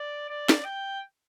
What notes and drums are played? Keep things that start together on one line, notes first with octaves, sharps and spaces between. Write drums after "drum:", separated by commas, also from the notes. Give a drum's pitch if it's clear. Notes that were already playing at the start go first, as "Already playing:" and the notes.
Already playing: D5
D5
drum: snare
G5